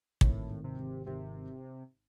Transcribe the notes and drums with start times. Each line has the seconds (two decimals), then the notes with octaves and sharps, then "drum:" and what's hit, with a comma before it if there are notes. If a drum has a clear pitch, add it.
0.21 G#1 A2, drum: kick
0.50 G#1
0.64 C3
0.78 G#1
1.06 G#1 C3